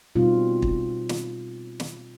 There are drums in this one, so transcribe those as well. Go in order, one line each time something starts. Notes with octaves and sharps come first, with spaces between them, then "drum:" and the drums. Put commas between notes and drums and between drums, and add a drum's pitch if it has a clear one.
B2 G3 C4 D#4 F4
drum: kick
drum: snare
drum: snare